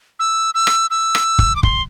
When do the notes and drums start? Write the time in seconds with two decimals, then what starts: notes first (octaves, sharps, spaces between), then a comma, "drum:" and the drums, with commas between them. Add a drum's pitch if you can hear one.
0.19 E6
0.54 E6
0.67 drum: rim click
0.90 E6
1.15 drum: rim click
1.39 drum: kick
1.56 D6
1.63 C6, drum: kick